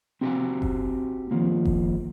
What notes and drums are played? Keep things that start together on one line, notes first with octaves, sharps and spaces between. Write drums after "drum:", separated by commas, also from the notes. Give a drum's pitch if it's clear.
C4 F#4 G4 A#4 F#5 G#5
drum: kick F#1
D#3 F3 A#3
drum: kick F#1